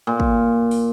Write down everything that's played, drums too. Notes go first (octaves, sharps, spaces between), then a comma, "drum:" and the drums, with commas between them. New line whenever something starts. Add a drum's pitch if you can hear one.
A#2
drum: kick
drum: open hi-hat